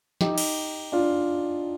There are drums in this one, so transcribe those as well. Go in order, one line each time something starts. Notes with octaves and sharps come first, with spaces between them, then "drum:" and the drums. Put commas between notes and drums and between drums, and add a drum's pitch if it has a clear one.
D#4 G4, drum: snare
drum: cymbal
D4 F4